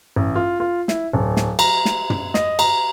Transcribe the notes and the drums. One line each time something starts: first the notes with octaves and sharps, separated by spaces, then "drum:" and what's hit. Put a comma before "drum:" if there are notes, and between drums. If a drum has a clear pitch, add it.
A1
F4
F4
E4, drum: snare
D1
drum: snare
A#5, drum: cymbal
drum: snare
drum: tom
D#5, drum: snare
A#5, drum: cymbal